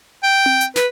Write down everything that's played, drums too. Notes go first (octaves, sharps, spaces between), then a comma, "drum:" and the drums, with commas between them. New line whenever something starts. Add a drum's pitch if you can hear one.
G5
drum: tom C4
drum: hi-hat
B4, drum: snare